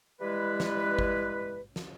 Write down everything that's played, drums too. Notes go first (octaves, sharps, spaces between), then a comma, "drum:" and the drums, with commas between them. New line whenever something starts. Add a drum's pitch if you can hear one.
E3 G3 G#3 E4 B4
drum: snare
drum: kick G#1
drum: snare